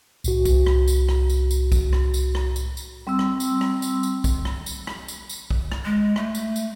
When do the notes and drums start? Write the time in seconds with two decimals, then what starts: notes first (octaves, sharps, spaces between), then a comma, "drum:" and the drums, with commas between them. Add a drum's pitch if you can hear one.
0.24 C2 A2 F#4, drum: tambourine
0.45 drum: kick, tambourine
0.66 drum: rim click
0.88 drum: tambourine
1.09 drum: rim click
1.30 drum: tambourine
1.51 drum: tambourine
1.72 drum: kick, tambourine
1.93 drum: rim click
2.14 drum: tambourine
2.35 drum: rim click
2.56 drum: tambourine
2.77 drum: tambourine
3.07 G3 C4 C6 E6
3.19 drum: rim click
3.40 drum: tambourine
3.61 drum: rim click
3.82 drum: tambourine
4.03 drum: tambourine
4.24 drum: kick, tambourine
4.45 drum: rim click
4.66 drum: tambourine
4.87 drum: rim click
5.08 drum: tambourine
5.29 drum: tambourine
5.51 drum: kick
5.72 drum: rim click
5.85 G#3
6.16 A3, drum: rim click
6.35 drum: tambourine
6.56 drum: tambourine